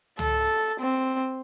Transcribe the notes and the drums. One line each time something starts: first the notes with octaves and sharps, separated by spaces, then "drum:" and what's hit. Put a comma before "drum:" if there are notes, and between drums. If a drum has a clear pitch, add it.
A4, drum: tom
C4